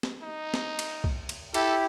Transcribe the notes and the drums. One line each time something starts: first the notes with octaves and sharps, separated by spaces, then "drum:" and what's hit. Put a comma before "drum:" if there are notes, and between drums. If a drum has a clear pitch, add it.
drum: snare
D#4
drum: snare
drum: cymbal
drum: kick B1
drum: cymbal
E4 G4 A4, drum: cymbal